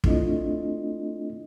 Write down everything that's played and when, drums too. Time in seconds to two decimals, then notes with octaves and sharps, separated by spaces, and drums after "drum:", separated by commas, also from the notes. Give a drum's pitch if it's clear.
0.04 A3 C4 D4 E4 F4 D#5, drum: kick